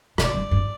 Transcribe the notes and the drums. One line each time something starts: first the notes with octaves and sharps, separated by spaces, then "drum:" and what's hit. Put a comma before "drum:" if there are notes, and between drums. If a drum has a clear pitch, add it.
B2 D5, drum: rim click
G2
G2